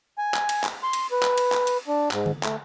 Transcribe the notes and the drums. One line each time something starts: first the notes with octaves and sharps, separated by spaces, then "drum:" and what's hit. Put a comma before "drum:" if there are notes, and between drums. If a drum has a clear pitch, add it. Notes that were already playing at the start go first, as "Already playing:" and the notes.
G#5
drum: clap
drum: cymbal
drum: clap
C6
drum: cymbal
B4
drum: clap
drum: cymbal
drum: clap
drum: cymbal
D4
G#2, drum: clap
drum: tom D3
A3, drum: clap